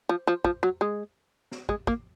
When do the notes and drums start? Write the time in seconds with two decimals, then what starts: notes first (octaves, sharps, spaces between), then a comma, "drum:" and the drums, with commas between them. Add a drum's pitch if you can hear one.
0.09 F3
0.27 F3
0.44 F3, drum: kick
0.63 F#3
0.81 G#3
1.51 drum: snare
1.69 G#3, drum: kick
1.87 A#3, drum: kick